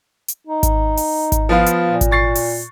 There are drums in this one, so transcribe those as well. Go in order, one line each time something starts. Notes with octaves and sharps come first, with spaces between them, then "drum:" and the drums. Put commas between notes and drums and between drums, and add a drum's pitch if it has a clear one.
drum: hi-hat
D#4
drum: kick G#1, hi-hat
drum: open hi-hat
drum: kick G#1, hi-hat
F3 B3 F4
drum: hi-hat
A#2
drum: kick G#1, hi-hat
C#6 A6 C7
drum: open hi-hat